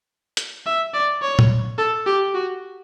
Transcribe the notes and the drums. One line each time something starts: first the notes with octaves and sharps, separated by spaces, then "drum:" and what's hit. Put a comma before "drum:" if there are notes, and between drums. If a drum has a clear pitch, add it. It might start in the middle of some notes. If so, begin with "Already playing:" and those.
drum: hi-hat
E5
D5
C#5
drum: tom A#2
A4
G4
F#4